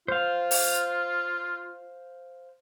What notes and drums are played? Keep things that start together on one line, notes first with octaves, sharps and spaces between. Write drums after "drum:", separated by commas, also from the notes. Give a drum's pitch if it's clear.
F4 C5 F5
drum: open hi-hat